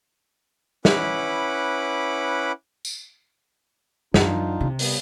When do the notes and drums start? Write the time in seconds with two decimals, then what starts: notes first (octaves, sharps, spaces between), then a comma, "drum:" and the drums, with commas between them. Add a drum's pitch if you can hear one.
0.85 C#4 E4 B4 F#5 B5 D6, drum: snare
2.85 drum: tambourine
4.14 F#2 D4 D#4 F4, drum: snare
4.61 C3
4.79 G3 B3, drum: open hi-hat